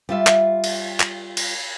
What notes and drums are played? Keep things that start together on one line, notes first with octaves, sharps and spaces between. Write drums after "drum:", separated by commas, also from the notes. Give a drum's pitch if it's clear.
G3 F4 E5
drum: clap
drum: cymbal
drum: clap
drum: cymbal